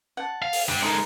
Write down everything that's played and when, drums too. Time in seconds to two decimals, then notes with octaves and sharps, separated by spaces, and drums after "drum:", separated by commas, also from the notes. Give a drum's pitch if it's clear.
0.17 F#5 A5
0.42 F5
0.53 drum: open hi-hat
0.69 D4 G4
0.82 G#3 D#4 A4 A#4